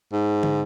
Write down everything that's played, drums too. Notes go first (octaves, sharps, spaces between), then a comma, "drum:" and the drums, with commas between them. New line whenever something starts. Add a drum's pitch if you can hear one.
G#2
drum: tom